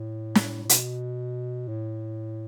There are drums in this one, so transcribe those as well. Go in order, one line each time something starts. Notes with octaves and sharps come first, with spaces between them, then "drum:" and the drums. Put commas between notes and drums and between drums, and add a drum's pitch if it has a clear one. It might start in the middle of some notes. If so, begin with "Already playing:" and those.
Already playing: A2
drum: snare
A2
B2, drum: hi-hat
A2